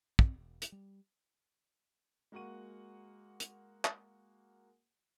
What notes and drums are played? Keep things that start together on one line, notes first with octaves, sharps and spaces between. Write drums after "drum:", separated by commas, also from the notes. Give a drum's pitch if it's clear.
C4, drum: kick
E1
drum: hi-hat
G3
G#3 A#3 F#4 F#5 C#6 D#7
drum: hi-hat
drum: clap